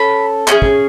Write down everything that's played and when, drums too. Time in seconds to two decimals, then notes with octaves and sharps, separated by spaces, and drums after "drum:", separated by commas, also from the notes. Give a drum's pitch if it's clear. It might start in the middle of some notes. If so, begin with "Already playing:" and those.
Already playing: C#4 A4 B5
0.48 C#4 E4 G#4, drum: clap
0.62 drum: kick